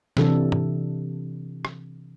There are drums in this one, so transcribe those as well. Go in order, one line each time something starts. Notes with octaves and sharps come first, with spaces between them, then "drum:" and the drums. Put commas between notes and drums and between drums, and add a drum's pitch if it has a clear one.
C3 E3 D4 A4, drum: snare
drum: tom
drum: rim click